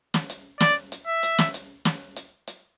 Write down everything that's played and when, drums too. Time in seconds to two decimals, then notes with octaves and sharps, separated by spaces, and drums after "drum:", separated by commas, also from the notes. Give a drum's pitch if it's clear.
0.14 drum: snare
0.30 drum: hi-hat
0.60 D5, drum: snare
0.92 drum: hi-hat
1.07 E5
1.23 drum: hi-hat
1.39 drum: snare
1.54 drum: hi-hat
1.85 drum: snare
2.16 drum: hi-hat
2.47 drum: hi-hat